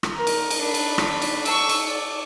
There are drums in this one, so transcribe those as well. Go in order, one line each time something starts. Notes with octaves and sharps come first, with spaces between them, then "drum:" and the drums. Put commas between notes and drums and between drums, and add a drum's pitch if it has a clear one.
drum: rim click
A#4
drum: cymbal
drum: cymbal
D4 B5
drum: cymbal
drum: rim click
drum: cymbal
C#6 E6, drum: cymbal
drum: cymbal
D5